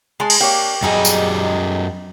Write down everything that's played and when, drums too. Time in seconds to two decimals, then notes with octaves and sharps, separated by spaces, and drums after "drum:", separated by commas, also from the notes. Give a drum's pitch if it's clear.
0.20 G#3 G#4 A5 C6
0.30 drum: cymbal
0.40 A#3 D4 G4 C#5 C#6
0.82 F#2 F#3 G3 D#4 G#4 D#5
1.05 drum: tambourine